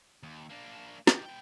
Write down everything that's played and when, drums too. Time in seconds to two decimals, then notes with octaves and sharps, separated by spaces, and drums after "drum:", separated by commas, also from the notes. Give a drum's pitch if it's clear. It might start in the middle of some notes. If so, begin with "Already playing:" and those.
0.23 D#2
0.50 A#3 D4
1.07 D#4 G4, drum: snare
1.26 B3 G5